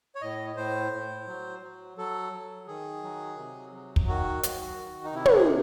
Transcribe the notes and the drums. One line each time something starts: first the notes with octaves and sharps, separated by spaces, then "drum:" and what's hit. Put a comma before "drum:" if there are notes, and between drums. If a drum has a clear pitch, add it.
C#5
A2 D#5
A2 C5
A2
F#3
F#3
F#3 A4
F#3
D#3 G#4
F#3
C3
F#3
drum: kick
D#3 F#4
D#3, drum: hi-hat
D#3
D#4
C3 E4
F#4, drum: tom
G#4